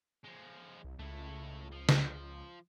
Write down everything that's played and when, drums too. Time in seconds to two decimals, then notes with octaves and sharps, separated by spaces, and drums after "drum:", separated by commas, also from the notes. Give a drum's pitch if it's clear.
0.25 F3 G#3
0.84 C2
0.99 C#2 A3 E4
1.72 F3
1.89 drum: snare